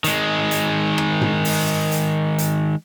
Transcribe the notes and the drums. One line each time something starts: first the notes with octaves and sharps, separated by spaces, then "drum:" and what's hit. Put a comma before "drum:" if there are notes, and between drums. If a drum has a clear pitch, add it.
D#3 G#3, drum: hi-hat
drum: hi-hat
drum: rim click
drum: tom
drum: open hi-hat
drum: hi-hat
drum: hi-hat